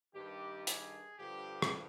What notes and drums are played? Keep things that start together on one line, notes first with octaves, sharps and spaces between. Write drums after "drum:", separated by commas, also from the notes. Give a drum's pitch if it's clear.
G2 D#3 G4
G#4, drum: hi-hat
G2 D3 F3 G4
drum: rim click